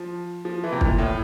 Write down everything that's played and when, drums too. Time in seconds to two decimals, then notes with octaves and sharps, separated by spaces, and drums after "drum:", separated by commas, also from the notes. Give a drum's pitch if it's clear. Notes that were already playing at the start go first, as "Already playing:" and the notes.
Already playing: F3
0.45 F3
0.64 E3
0.72 C3
0.81 A#2, drum: kick
0.99 A2